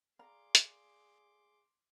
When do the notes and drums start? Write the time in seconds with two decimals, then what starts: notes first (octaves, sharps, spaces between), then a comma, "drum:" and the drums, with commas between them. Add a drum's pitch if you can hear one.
0.19 G#4 D5 F5 A#5 C6 D6
0.55 drum: hi-hat